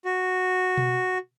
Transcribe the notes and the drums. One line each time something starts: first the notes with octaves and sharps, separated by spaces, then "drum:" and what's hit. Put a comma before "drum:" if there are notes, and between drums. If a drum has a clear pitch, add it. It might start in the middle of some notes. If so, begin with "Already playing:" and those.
F#4
drum: tom B2